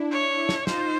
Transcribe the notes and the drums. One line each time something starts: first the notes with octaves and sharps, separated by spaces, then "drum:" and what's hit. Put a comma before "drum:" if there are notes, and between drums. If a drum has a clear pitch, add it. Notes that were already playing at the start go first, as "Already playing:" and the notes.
Already playing: D4 E4
C#5
drum: snare
D#4 F4 C5, drum: snare